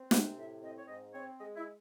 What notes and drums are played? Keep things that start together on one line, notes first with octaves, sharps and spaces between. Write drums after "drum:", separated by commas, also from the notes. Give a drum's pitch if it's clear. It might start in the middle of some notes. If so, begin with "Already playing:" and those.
Already playing: C4
C3 F#5, drum: snare
A2 E5
C4 D#5
C#5
G#2 D#5
C4 C#5
G#3 D#5
E4